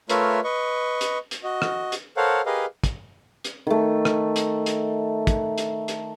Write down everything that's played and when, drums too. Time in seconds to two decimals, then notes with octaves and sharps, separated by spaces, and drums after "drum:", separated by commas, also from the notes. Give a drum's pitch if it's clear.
0.09 A3 F4 A#4 B4 C#5 E5, drum: hi-hat
0.44 B4 D#5 C#6
1.01 drum: hi-hat
1.31 drum: hi-hat
1.44 F#4 D#5
1.62 drum: rim click
1.92 drum: hi-hat
2.17 A4 A#4 C5 C#5 F5 F#5
2.46 G4 G#4 A#4 B4 D#5 F5
2.84 drum: kick, hi-hat
3.44 drum: hi-hat
3.67 D#3 A3
4.05 drum: rim click
4.36 drum: hi-hat
4.66 drum: hi-hat
5.27 drum: kick, hi-hat
5.58 drum: hi-hat
5.88 drum: hi-hat